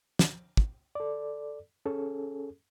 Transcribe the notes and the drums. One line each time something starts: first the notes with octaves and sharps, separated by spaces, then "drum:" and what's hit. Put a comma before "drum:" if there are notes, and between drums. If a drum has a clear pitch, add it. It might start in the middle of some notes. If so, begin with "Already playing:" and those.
drum: snare
drum: kick
A4 D5
C#4 G#4 A4